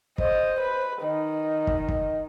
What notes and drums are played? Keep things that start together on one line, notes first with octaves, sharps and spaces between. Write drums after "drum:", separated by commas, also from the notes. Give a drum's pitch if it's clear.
C5 D#5, drum: kick
B4
D#3 D#5
drum: kick
drum: kick